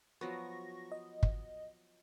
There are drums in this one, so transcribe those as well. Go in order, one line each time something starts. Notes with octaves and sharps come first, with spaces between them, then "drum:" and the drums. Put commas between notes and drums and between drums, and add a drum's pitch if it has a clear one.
F3 F#3 B3 C#6 A#6
D#5
drum: kick